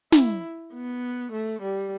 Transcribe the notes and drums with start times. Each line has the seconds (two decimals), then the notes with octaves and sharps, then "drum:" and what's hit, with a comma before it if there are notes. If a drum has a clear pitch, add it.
0.12 E4, drum: snare
0.73 B3
1.32 A3
1.62 G3